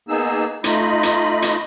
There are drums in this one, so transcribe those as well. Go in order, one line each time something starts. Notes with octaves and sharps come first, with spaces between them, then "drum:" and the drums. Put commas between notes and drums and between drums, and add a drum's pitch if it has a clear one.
A#3 B3 D#4 G#4 E6
A3 D#4 F4 D#5 B5, drum: hi-hat
drum: hi-hat
drum: hi-hat